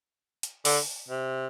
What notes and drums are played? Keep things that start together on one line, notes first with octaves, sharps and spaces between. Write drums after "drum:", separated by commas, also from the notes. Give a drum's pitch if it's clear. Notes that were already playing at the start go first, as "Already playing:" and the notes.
drum: hi-hat
D3, drum: open hi-hat
C3